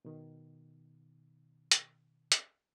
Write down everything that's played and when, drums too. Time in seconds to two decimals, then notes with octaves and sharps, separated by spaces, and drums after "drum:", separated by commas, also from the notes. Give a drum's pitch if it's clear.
0.05 B2 D#3
1.71 drum: hi-hat
2.32 drum: hi-hat